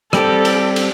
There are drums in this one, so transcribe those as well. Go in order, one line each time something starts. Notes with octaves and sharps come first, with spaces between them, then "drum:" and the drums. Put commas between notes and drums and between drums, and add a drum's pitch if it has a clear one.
G3 C4 G4 A4, drum: rim click
drum: cymbal
drum: cymbal